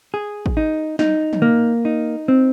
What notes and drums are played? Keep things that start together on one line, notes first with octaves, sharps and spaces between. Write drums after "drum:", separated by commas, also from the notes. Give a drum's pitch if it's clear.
G#4
drum: kick
D#4
D#4, drum: snare
drum: tom
A#3
D#4
C4